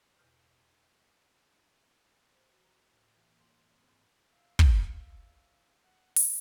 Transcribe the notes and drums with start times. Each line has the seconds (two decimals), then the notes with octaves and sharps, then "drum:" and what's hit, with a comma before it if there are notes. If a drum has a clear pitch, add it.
0.18 E2 B2 F6 G6
2.32 C5
2.50 F#4
2.64 A#5
2.89 A2
3.13 E3
3.25 A#3
3.39 C6
3.56 C6
3.74 C4
3.89 G#2
4.30 E5 F5
4.59 drum: kick
5.84 F#5
6.16 drum: open hi-hat